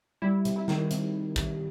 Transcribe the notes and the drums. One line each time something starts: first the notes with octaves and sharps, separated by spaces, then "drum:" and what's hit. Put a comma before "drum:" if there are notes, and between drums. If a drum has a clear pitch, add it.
G3 E4
C3, drum: hi-hat
E4
D#3, drum: snare
C3, drum: hi-hat
drum: kick, hi-hat